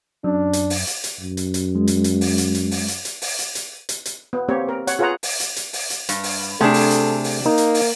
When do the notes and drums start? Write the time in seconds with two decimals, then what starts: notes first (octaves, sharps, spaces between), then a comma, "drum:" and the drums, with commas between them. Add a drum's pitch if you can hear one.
0.24 F#2 D4
0.53 drum: hi-hat
0.70 drum: open hi-hat
0.87 drum: hi-hat
1.04 drum: hi-hat
1.20 F#2
1.37 drum: hi-hat
1.54 drum: hi-hat
1.75 G#3
1.88 drum: hi-hat
2.04 drum: hi-hat
2.21 drum: open hi-hat
2.38 drum: hi-hat
2.55 drum: hi-hat
2.71 drum: open hi-hat
2.88 drum: hi-hat
3.05 drum: hi-hat
3.22 drum: open hi-hat
3.38 drum: hi-hat
3.55 drum: hi-hat
3.89 drum: hi-hat
4.05 drum: hi-hat
4.33 B3
4.49 A#3 C4 G4 C#5
4.69 A#4
4.87 C#5 F#5, drum: hi-hat
4.99 F4 G#4 B4 C#5 F#5 A#5
5.23 drum: open hi-hat
5.40 drum: hi-hat
5.56 drum: hi-hat
5.73 drum: open hi-hat
5.90 drum: hi-hat
6.09 G2, drum: hi-hat
6.23 drum: open hi-hat
6.61 C3 A3 D4 G#4 A4
6.74 drum: open hi-hat
6.91 drum: hi-hat
7.24 drum: open hi-hat
7.46 A#3 D#4
7.58 drum: hi-hat
7.74 drum: open hi-hat